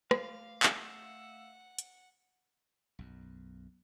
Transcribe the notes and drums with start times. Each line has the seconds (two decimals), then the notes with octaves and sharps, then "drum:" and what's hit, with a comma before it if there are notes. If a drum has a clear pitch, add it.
0.11 A3 F5 D6, drum: rim click
0.63 E5 F#5, drum: clap
1.78 drum: hi-hat
2.99 B1 F#2